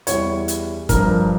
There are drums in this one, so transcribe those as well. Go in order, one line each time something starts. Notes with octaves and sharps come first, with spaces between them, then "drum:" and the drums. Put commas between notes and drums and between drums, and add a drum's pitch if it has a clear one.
E2 E3 G3 C#5, drum: hi-hat
drum: hi-hat
G2 F3 A#4, drum: kick, hi-hat